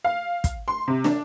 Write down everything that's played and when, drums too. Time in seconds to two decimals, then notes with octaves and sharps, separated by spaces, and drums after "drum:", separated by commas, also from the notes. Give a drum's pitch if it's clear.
0.04 F5
0.44 drum: kick, hi-hat
0.68 C6
0.88 C3
1.04 D4, drum: snare